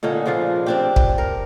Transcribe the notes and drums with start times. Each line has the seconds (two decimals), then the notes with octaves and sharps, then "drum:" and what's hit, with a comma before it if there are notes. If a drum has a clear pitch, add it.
0.03 A#2 D3 C#4 D#4
0.26 C#3 F3 D4 F4
0.66 C4 D4 G4
0.96 drum: kick
1.18 A#4